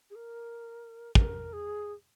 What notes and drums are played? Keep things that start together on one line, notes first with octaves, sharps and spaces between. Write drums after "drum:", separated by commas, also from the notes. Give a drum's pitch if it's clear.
G#4
A#4
A#4, drum: kick
G#4